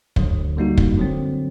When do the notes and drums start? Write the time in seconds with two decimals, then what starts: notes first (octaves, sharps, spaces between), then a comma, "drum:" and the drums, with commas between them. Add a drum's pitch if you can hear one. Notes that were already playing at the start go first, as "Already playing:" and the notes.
0.16 D2 D3 F#3, drum: kick
0.57 D3 G3 A#3 D#4 F#4
0.77 drum: kick
0.97 D3 F#3 C4